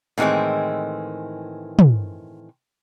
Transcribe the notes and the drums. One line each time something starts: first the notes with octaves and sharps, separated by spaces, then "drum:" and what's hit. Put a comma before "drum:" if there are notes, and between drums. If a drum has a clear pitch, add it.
A2 D#3 E3 G#3 C4
drum: tom